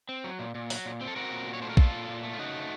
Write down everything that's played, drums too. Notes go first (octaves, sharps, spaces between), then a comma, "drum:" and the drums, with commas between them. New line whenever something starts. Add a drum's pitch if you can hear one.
C4
F#3
A#2
A#2
F#3, drum: open hi-hat
A#2
C4
A4
C4 F#4 A#4
A#2
A#2
C#5
A3 C5
A#4
A#2 F4 A4, drum: kick A#1
A#2
A#2
A3
F4
C#3 D#4 F#4
A3